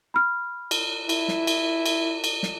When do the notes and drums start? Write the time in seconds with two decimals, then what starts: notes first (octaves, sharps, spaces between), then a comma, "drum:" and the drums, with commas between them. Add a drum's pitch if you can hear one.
0.14 B5 F6
0.71 drum: cymbal
1.09 E4, drum: cymbal
1.28 drum: snare
1.47 drum: cymbal
1.86 drum: cymbal
2.24 drum: cymbal
2.43 drum: snare